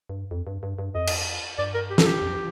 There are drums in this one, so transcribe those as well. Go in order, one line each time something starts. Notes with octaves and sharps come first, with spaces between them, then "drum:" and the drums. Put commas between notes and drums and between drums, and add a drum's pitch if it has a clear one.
G2
F2
G2
G2
G2
F2 D#5
drum: cymbal
G2 D5
A#4
G4
A4, drum: snare
G4
F2